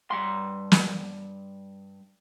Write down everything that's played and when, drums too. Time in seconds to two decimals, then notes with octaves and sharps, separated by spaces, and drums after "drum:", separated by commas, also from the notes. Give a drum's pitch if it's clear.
0.11 G2 C6
0.72 drum: snare